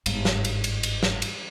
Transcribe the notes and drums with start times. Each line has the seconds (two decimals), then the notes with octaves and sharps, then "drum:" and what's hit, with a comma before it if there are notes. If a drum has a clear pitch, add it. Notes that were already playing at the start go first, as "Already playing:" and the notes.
0.06 G1 G#2, drum: cymbal
0.25 drum: snare
0.45 drum: cymbal
0.64 drum: cymbal
0.83 drum: cymbal
1.03 drum: snare
1.22 drum: cymbal